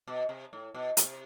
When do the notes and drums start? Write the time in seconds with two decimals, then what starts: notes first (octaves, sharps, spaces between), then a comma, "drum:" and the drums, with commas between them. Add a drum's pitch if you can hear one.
0.07 B2
0.29 C3
0.53 A2
0.74 B2
0.97 C3, drum: hi-hat